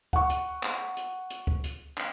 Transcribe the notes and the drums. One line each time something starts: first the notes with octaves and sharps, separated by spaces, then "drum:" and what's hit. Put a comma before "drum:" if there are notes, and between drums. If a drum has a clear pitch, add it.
F#5 C#6, drum: kick C#2
drum: hi-hat
drum: clap
drum: hi-hat
drum: hi-hat
drum: kick C#2
drum: hi-hat
drum: clap